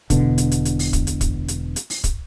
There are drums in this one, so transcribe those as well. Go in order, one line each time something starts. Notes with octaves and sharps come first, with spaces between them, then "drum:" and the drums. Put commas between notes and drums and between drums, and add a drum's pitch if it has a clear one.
E1 B2 D3, drum: kick, hi-hat
drum: hi-hat
drum: hi-hat
drum: hi-hat
drum: open hi-hat
drum: kick, hi-hat
drum: hi-hat
drum: kick, hi-hat
drum: hi-hat
drum: hi-hat
drum: open hi-hat
drum: kick, hi-hat